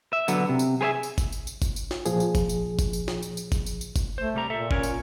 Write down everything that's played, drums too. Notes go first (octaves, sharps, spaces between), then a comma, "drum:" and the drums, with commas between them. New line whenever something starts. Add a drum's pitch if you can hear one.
E5
D3 F#3 B3, drum: tambourine
C3
drum: tambourine
G#4 B4 C#5 E5 G#5
drum: tambourine
drum: kick, tambourine
drum: tambourine
drum: tambourine
drum: kick, tambourine
drum: tambourine
drum: snare
A#2 F3 G#4, drum: tambourine
drum: tambourine
drum: kick, tambourine
drum: tambourine
drum: kick, tambourine
drum: tambourine
drum: snare
drum: tambourine
drum: tambourine
drum: kick, tambourine
drum: tambourine
drum: tambourine
drum: kick, tambourine
A3 C5
C2 G3 A#5
A#2 A4 E5
C#4 A#4 C#5, drum: kick
drum: tambourine